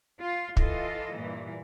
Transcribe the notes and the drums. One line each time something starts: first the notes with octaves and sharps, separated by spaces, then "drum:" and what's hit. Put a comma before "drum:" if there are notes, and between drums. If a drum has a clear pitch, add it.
F4
E3 F4 A4 D#5, drum: kick
G2 A#2 E3